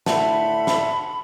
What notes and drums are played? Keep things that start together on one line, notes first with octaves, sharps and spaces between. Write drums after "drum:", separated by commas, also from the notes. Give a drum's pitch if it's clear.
A2 D3 E5 F#5 A5 B5 C6, drum: snare
drum: snare